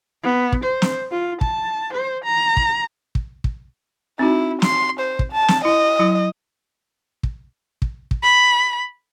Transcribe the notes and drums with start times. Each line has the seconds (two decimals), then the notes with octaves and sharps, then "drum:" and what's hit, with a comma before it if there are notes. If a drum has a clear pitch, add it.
0.23 B3
0.53 drum: kick
0.64 C5
0.82 drum: snare
1.11 F4
1.41 A5, drum: kick
1.93 C5
2.24 A#5
2.57 drum: kick
3.15 drum: kick
3.44 drum: kick
4.19 C4 D#4 E4 F#4
4.62 C6, drum: snare
5.00 C5
5.19 drum: kick
5.33 A5
5.48 drum: snare
5.65 E4 D#5
5.99 F#3 E4
7.23 drum: kick
7.82 drum: kick
8.11 drum: kick
8.23 B5